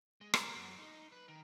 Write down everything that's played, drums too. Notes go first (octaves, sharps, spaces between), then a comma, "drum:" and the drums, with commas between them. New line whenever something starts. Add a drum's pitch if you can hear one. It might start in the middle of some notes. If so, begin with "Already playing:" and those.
G#3
A#4, drum: rim click
F#2
D#4
B4
D#3